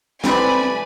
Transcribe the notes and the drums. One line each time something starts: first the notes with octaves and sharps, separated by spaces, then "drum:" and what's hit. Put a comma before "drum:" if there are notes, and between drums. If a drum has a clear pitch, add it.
A3 C4 B4 D5 G#5 B5, drum: snare